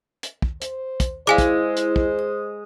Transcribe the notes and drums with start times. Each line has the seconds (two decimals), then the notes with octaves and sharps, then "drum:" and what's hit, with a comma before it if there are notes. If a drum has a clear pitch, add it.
0.23 drum: hi-hat
0.42 drum: kick
0.62 C5, drum: hi-hat
1.00 drum: kick, hi-hat
1.27 G#3 E4 C5 F5 G#5 D6
1.38 drum: kick, hi-hat
1.77 drum: hi-hat
1.96 drum: kick
2.19 D#6